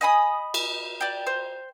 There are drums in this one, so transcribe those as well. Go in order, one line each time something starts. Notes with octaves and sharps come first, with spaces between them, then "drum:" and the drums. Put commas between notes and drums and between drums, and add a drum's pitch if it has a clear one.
D#5 G#5 B5 D#6
drum: cymbal
D5 G5
C5